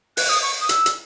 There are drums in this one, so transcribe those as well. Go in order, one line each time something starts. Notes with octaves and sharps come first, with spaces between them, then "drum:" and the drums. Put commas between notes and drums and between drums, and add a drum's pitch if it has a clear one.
F#6, drum: open hi-hat
D#6
C#6
D#6
E6, drum: hi-hat
drum: hi-hat